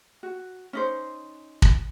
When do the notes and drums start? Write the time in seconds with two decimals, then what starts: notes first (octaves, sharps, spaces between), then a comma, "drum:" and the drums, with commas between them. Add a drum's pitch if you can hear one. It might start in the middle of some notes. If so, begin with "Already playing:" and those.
0.23 F#4
0.73 C#4 D#4 C5
1.62 drum: kick